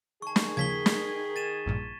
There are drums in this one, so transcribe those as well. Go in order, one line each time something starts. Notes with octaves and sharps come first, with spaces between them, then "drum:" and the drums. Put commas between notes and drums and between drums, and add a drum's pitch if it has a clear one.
D#3 G#4 A5 C#6
drum: snare
D#2 C#3 F3 G#6 B6 G7
drum: snare
A6 D#7 E7
A#1 G2 A#2